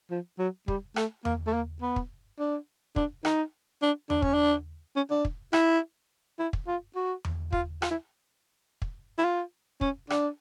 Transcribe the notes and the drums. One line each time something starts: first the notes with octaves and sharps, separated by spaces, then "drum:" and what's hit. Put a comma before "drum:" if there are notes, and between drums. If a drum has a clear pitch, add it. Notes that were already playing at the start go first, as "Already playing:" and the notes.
F3
F#3
G3, drum: kick
A3, drum: rim click
A#3, drum: tom E2
A3
A#3
B3
drum: kick
D4
D4, drum: kick
D#4, drum: rim click
D4
D4, drum: tom E2
C#4, drum: kick
D4
C#4
D4
drum: kick
E4, drum: rim click
E4
drum: kick
F4
F#4
drum: tom E2
F4, drum: kick
F4, drum: rim click
E4
drum: kick
E4
F4
C#4, drum: kick
D4, drum: rim click